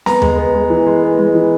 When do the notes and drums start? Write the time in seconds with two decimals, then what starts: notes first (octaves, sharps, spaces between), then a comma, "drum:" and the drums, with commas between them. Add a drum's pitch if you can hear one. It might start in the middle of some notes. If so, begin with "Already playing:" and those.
0.06 B3 A#5, drum: snare C4
0.22 G#3, drum: tom D#2
0.38 B3
0.55 G#3
0.70 E3
0.86 G#3
1.03 B3
1.19 G#3
1.35 E3